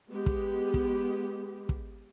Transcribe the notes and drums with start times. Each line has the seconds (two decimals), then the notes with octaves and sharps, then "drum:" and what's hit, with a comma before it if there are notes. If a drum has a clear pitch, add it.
0.10 G#3 B3 G4
0.26 drum: kick
0.74 drum: kick
1.69 drum: kick